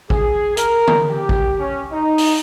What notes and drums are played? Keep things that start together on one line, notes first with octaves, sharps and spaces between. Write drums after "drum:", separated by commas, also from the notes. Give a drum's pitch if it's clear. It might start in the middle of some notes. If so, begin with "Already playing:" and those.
G#4, drum: kick
A#4, drum: hi-hat
drum: tom D3
G4
drum: kick
C#4
D#4
drum: open hi-hat